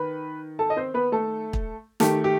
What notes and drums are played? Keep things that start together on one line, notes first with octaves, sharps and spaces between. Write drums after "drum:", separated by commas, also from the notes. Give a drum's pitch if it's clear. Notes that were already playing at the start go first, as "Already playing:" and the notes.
Already playing: D#3 B4 B5
A4 A5
D#5
C4 C5
B3 B4
A3 A4
drum: kick
D#3 A3 G4, drum: snare
G4